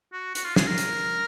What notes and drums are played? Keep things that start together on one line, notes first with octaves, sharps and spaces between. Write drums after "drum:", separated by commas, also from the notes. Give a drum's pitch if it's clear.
F#4
F#4, drum: hi-hat
F4
G#4, drum: snare
A#4
drum: hi-hat